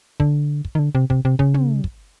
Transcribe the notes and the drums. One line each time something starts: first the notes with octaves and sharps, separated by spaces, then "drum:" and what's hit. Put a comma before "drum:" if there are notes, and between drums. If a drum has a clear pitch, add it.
D3, drum: kick
drum: kick
D#3
D3
C3
C3, drum: kick
C3
C#3, drum: kick
drum: tom
drum: kick